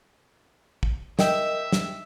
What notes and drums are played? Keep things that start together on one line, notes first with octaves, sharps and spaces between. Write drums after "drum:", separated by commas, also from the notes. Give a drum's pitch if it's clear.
drum: kick
A#4 D#5 E5 G5, drum: snare
drum: snare